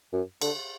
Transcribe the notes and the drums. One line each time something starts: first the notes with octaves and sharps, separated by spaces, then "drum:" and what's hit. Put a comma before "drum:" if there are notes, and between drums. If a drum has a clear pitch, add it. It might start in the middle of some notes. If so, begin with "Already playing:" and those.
F#2
D3, drum: cymbal